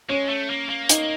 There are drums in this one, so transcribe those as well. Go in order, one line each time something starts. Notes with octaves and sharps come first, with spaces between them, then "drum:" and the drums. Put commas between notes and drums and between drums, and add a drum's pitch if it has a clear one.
G#3 C#4 C#5
A3
A#3
A#3
D#4 D#5, drum: hi-hat